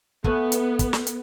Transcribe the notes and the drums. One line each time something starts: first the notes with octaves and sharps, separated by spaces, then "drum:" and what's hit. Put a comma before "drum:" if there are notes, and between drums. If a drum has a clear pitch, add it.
A3 B3 F#5 G#5, drum: kick
drum: hi-hat
drum: kick, hi-hat
drum: snare
drum: hi-hat